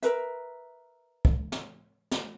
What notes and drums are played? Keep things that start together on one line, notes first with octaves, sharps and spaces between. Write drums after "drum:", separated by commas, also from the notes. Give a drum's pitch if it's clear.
A#4 B4 E5, drum: hi-hat
drum: kick
drum: snare
drum: snare